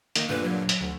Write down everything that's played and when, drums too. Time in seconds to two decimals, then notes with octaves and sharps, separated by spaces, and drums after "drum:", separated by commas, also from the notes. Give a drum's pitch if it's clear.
0.16 D#3 A#3 D#4, drum: hi-hat
0.29 G2 A#2 D3 B4
0.44 F#3
0.69 drum: hi-hat
0.81 D2